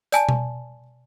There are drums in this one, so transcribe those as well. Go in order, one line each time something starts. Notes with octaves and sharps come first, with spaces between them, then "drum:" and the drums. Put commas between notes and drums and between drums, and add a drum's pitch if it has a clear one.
D5 G#5 A5, drum: hi-hat
drum: tom B2